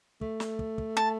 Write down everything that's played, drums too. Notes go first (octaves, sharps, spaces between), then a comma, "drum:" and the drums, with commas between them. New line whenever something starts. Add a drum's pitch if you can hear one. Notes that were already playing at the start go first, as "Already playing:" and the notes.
A3, drum: kick
drum: snare
drum: kick
drum: kick
A5